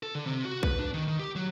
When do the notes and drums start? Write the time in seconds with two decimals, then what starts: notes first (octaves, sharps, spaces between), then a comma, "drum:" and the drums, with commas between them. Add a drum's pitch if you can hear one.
0.03 A4
0.15 D3
0.26 C3
0.45 F#4
0.63 B4, drum: kick B1
0.79 D4
0.94 D#3
1.08 D#3
1.20 G4
1.35 F#3